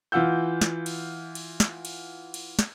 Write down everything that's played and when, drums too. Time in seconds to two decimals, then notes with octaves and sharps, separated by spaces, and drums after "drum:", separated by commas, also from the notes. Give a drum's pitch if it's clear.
0.12 E3 F4 F#5 E6 G6
0.61 drum: snare
0.86 drum: cymbal
1.35 drum: cymbal
1.60 drum: snare
1.85 drum: cymbal
2.34 drum: cymbal
2.59 drum: snare